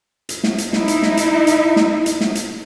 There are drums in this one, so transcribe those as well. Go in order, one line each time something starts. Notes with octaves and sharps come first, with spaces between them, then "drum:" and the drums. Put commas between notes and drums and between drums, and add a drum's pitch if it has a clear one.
drum: hi-hat
drum: snare
drum: hi-hat
D#4 E4, drum: snare
drum: hi-hat
drum: snare
drum: hi-hat
drum: hi-hat
drum: snare
drum: hi-hat
drum: snare
drum: hi-hat